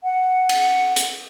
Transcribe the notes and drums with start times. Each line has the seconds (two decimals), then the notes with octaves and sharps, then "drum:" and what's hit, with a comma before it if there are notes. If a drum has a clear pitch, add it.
0.04 F#5
0.49 drum: cymbal
0.96 drum: hi-hat